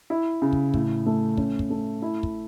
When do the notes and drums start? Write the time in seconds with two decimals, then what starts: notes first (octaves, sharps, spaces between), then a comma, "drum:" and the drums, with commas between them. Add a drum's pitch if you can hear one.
0.10 E4
0.42 C#3
0.53 drum: kick
0.74 A2, drum: kick
1.06 A3
1.37 C#4, drum: kick
1.59 drum: kick
1.70 A3
2.02 E4
2.23 drum: kick